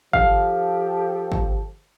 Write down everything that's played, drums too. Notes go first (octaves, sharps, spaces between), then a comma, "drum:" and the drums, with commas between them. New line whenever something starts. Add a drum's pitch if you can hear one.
F3 G4 A4 F5, drum: kick
drum: kick